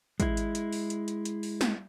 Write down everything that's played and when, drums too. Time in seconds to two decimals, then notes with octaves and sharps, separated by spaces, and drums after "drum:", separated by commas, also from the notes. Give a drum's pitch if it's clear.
0.20 G#3 E4, drum: kick, hi-hat
0.37 drum: hi-hat
0.55 drum: hi-hat
0.73 drum: open hi-hat
0.90 drum: hi-hat
1.08 drum: hi-hat
1.25 drum: hi-hat
1.43 drum: open hi-hat
1.61 drum: snare